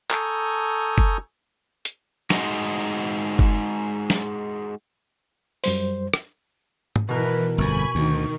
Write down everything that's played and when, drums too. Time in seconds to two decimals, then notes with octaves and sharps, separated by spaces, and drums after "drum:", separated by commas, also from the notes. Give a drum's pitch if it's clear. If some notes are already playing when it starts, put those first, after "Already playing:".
0.11 A4 G#5 A#5 C#6 D#6 G6, drum: clap
0.98 drum: kick F#1
1.85 drum: hi-hat
2.30 G#3 D#4 F#4, drum: snare
3.39 drum: kick F#1
4.10 drum: snare
5.64 F#2 G3 C5, drum: open hi-hat
6.14 drum: rim click
6.96 drum: tom
7.09 B2 E3 A#4 B4
7.58 G1 F2 G#5 B5 C#6
7.95 D2 D#3